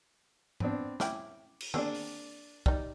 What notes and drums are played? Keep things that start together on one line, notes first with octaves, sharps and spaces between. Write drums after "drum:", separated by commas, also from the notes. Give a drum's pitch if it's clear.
B3 C4 D4, drum: tom G#2
C#4 E4 G5 D6, drum: snare
drum: cymbal
A#3 C4 D4 G#4 D5, drum: tom D#3
drum: open hi-hat
G3 D#4 D5, drum: kick